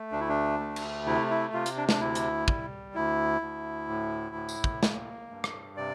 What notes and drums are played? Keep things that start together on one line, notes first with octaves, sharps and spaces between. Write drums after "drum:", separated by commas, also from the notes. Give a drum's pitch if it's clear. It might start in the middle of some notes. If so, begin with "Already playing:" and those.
Already playing: A3
D2 D4
E4
D4
A3
drum: cymbal
C3 E4
E4
C3 F4
drum: hi-hat
D4
D4, drum: snare
D2 E4
drum: hi-hat
G3, drum: kick
D2 E4
D2
A2
A2
drum: tambourine
drum: kick
A#3, drum: snare
G2
drum: rim click
C3 D5